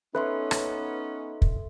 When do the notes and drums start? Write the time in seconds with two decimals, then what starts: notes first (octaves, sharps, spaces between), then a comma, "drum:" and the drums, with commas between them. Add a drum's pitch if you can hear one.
0.15 B3 C#4 D#4 A4 B4 E5 C6
0.51 drum: rim click
1.42 drum: kick